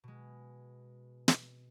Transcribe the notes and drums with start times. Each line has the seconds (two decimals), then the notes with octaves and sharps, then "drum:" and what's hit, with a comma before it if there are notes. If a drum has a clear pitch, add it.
0.04 B2 G#3
1.28 drum: snare